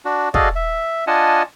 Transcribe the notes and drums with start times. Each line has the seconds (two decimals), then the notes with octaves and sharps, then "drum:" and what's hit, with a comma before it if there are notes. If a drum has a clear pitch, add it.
0.05 D4 F#4
0.34 F#4 G#4 A4 D5 D#5 F5, drum: kick
0.56 E5
1.07 D4 F4 D#5 F#5 G#5 A5